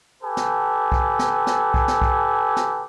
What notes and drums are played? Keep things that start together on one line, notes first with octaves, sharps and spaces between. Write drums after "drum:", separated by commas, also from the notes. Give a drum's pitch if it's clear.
G4 A4 B4 G#5
drum: snare
drum: kick B1
drum: snare
drum: snare
drum: kick B1
drum: snare
drum: kick B1
drum: snare